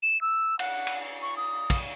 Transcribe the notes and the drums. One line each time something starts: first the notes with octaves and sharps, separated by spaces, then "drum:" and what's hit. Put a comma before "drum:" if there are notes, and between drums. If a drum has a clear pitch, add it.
E7
E6
F#5, drum: cymbal
drum: cymbal
C#6
D#6
drum: kick, cymbal